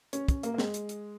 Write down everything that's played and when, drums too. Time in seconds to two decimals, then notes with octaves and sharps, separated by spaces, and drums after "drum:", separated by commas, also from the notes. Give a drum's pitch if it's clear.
0.13 C#4, drum: hi-hat
0.28 C#4, drum: kick, hi-hat
0.43 A#3, drum: hi-hat
0.54 A#3
0.58 G#3, drum: snare
0.74 drum: hi-hat
0.89 drum: hi-hat